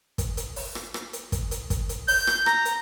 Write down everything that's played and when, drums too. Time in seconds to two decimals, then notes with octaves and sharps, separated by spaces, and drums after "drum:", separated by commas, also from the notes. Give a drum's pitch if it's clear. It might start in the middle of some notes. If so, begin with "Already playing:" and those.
0.18 drum: kick, hi-hat
0.37 drum: hi-hat
0.56 drum: open hi-hat
0.75 drum: rim click
0.94 drum: rim click
1.13 drum: hi-hat
1.32 drum: kick, hi-hat
1.51 drum: hi-hat
1.70 drum: kick, hi-hat
1.89 drum: hi-hat
2.08 G6, drum: open hi-hat
2.27 drum: rim click
2.46 A#5, drum: rim click
2.65 drum: hi-hat